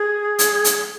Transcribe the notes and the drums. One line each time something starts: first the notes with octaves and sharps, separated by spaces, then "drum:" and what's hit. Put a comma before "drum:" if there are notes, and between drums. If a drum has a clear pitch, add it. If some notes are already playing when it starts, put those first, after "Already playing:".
Already playing: G#4
drum: hi-hat
drum: hi-hat